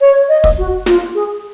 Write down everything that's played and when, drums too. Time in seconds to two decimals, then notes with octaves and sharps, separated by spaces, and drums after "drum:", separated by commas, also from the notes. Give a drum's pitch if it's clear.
0.01 C#5
0.29 D#5
0.44 drum: kick
0.58 F#4
0.86 F4, drum: snare
1.15 G#4